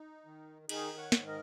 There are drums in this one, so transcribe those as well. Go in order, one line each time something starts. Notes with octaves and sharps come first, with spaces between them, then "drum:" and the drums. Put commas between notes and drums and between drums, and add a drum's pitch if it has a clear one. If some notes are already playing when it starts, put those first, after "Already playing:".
Already playing: D#4
D#3
D#3 D#4 G#4, drum: cymbal
C#5 F#5
G#2, drum: snare
A#4 D#5